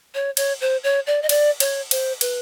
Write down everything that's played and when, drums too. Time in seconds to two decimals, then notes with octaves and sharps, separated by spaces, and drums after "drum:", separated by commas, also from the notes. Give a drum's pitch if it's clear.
0.15 C#5
0.37 C#5, drum: cymbal
0.61 C5
0.84 C#5
1.07 D5
1.22 D#5
1.29 D5, drum: cymbal
1.60 C#5, drum: cymbal
1.91 C5, drum: cymbal
2.21 B4, drum: cymbal